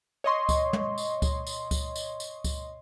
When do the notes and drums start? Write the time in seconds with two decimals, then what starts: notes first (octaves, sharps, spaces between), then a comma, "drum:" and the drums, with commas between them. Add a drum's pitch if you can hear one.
0.24 C#5 D#5 C6 C#6
0.49 drum: kick C#2, tambourine
0.73 drum: tom
0.98 drum: tambourine
1.22 drum: kick C#2, tambourine
1.47 drum: tambourine
1.71 drum: kick C#2, tambourine
1.96 drum: tambourine
2.20 drum: tambourine
2.44 drum: kick C#2, tambourine